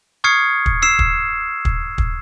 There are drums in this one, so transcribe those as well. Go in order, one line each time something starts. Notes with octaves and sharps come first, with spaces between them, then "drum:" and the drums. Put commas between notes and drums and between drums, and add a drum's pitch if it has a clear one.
C#6 D#6 F6 G#6 C7 C#7
drum: kick
E6 C7 E7
drum: kick
drum: kick
drum: kick